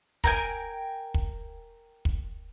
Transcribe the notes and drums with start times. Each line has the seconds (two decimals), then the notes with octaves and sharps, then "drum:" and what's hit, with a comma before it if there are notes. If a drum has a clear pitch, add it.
0.24 A#4 G5 G#5, drum: kick
1.14 drum: kick
2.05 drum: kick